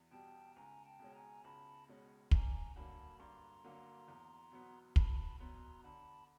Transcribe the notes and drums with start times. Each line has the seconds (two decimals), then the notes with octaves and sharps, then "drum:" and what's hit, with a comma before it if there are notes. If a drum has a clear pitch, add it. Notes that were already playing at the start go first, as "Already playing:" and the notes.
Already playing: E2 B2
0.11 B2 G3 G5 A5
0.56 C#2 G#5 A#5
0.86 G5 A5
0.99 B2 G#3 C#4
1.14 G#5 A#5
1.44 C#2 A5 B5
1.88 B2 G#3 C#4
2.31 G2 G#5 A#5, drum: kick
2.76 D3 F#3 A#3 A5 B5
3.20 G2 A#5 C6
3.65 D3 F#3 A#3
4.08 E2
4.52 B2 F#3 B3
4.96 E2 A5 B5, drum: kick
5.40 B2 F#3 B3 A#5 C6
5.84 D3 A5 B5